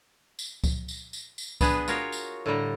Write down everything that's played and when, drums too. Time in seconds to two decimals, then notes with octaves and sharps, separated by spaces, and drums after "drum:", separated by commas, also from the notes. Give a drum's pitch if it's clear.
0.39 drum: tambourine
0.64 drum: kick C#2, tambourine
0.88 drum: tambourine
1.13 drum: tambourine
1.38 drum: tambourine
1.61 B3 D4 G#4 B4, drum: kick C#2, tambourine
1.88 F4 F#4 A#4 C#5 F5, drum: tambourine
2.12 drum: tambourine
2.46 A2 D3 G3 A#5